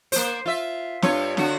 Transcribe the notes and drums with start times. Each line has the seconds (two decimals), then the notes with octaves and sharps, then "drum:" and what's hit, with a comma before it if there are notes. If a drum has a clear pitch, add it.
0.12 A#3 C5, drum: open hi-hat
0.46 F4 E5
1.02 G2 F4 C#5, drum: snare
1.37 D3 F#4, drum: snare